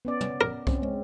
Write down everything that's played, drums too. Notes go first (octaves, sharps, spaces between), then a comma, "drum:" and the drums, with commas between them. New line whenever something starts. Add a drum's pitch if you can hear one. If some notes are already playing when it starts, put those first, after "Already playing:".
B3 C#4 D5
drum: tom
A#4
C4 C#4, drum: kick C2
G#3 C4